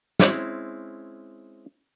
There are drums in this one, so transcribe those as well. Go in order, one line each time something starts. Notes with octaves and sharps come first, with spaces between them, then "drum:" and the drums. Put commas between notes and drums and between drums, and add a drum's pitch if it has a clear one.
G#3 C4 C#4 E4, drum: snare